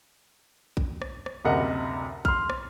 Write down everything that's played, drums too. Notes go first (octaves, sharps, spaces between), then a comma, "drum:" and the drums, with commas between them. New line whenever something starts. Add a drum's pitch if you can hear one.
drum: kick
drum: rim click
drum: rim click
F#1 D2 C3 A#4 D#5 F#5
C6 F6, drum: kick
drum: rim click